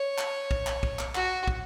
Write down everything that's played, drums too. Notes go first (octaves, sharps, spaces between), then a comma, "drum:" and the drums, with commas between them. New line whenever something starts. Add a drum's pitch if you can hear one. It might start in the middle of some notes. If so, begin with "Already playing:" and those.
Already playing: C#5
drum: clap
drum: kick
drum: clap
drum: kick
drum: clap
F#4, drum: clap
drum: kick